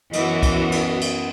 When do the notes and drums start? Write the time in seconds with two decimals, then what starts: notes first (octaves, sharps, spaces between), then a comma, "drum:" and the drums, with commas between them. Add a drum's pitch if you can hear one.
0.13 F#2 E3 B3 F#4 D#5, drum: cymbal
0.43 drum: kick C2, cymbal
0.72 drum: cymbal
1.01 drum: cymbal